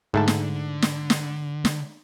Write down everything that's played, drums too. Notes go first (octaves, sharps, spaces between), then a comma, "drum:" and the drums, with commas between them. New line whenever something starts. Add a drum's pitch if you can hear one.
G#2 D3 A3 A5
drum: snare
drum: snare
drum: snare
drum: snare